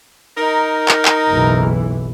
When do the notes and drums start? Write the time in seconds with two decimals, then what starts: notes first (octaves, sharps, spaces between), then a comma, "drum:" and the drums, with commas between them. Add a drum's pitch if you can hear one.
0.38 D#4 A#4
0.88 drum: clap
1.05 drum: clap
1.31 F#1 B1 E3